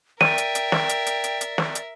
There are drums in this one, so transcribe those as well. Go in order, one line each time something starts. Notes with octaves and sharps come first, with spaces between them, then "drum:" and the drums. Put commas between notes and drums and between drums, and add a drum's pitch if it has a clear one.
A#4 D5 E5 G5 D#7, drum: snare
drum: hi-hat
drum: hi-hat
drum: snare
drum: hi-hat
drum: hi-hat
drum: hi-hat
drum: hi-hat
drum: snare
drum: hi-hat